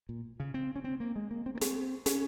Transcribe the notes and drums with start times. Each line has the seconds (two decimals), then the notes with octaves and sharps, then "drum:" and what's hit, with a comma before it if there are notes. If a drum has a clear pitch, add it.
0.09 A#2
0.40 C#3
0.54 C4
0.76 C#4
0.84 C4
1.00 A#3
1.16 G#3
1.31 A#3
1.46 C4
1.55 A#3
1.61 C4, drum: hi-hat
2.06 C#4, drum: hi-hat